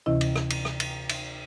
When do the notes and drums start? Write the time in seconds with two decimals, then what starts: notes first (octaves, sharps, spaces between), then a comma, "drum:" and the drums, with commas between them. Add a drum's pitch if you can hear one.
0.06 D2 C3 E3 C#4 E4 D#5
0.21 drum: cymbal
0.36 drum: rim click
0.50 drum: cymbal
0.65 drum: rim click
0.80 drum: cymbal
1.09 drum: cymbal